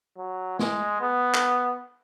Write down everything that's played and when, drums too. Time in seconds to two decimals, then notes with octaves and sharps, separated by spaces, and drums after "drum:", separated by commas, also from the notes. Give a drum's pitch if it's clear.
0.18 F#3
0.59 G#3, drum: snare
1.01 B3
1.34 drum: clap